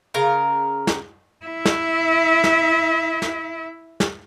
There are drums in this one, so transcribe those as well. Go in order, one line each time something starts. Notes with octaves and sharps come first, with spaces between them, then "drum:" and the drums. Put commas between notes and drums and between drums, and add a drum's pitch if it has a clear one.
C#3 A#4 F5 A#5
drum: snare
E4 E5
drum: snare
drum: snare
drum: snare
drum: snare